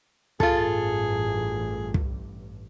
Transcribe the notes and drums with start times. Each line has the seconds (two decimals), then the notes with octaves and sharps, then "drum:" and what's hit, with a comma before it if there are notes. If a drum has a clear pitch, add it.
0.40 A1 G2 F4 G#4 A4, drum: kick
1.94 drum: kick